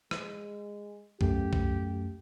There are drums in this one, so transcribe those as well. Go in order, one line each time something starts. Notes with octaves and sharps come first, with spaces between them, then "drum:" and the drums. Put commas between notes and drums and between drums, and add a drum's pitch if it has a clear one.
G#3, drum: rim click
F#2 A3 G4, drum: kick C2
drum: kick C2